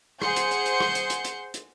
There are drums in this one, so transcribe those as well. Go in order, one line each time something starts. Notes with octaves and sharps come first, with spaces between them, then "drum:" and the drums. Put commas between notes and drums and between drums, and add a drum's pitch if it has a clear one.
G#4 C5 F#5 C6 G6 C#7, drum: rim click
drum: hi-hat
drum: hi-hat
drum: hi-hat
drum: rim click
drum: hi-hat
drum: hi-hat
drum: hi-hat
drum: hi-hat